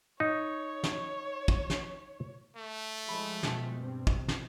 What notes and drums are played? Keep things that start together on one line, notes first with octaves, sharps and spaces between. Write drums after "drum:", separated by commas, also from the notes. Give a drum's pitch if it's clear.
D#4 C#5
drum: snare
drum: kick
drum: snare
A3
F3 G#3 D#4 A4 B5
B2 F#4 G4 A5, drum: snare
G2 C4
drum: kick
drum: snare